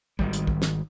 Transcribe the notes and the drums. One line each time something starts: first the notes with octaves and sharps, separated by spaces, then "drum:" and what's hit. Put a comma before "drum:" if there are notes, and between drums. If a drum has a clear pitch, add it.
G#1 D#3 G3, drum: kick
drum: hi-hat
drum: kick
drum: snare